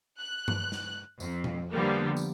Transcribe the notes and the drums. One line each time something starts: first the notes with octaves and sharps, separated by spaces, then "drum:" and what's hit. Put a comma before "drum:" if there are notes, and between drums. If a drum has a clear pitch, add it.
F#6
drum: tom G2
drum: snare
F2, drum: tambourine
drum: tom B2
D3 F3 G3 A#3 B3
drum: tambourine